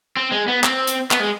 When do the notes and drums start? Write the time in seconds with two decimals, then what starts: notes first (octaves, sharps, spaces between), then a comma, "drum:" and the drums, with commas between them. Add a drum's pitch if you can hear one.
0.17 C4
0.32 G#3
0.48 B3
0.64 C4, drum: clap
0.87 drum: hi-hat
1.11 B3, drum: clap
1.20 G#3